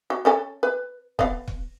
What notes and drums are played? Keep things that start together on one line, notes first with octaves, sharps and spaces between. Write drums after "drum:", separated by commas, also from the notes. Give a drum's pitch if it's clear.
F#4
C#4 A4 G#5
B4
B3 F5, drum: kick
drum: kick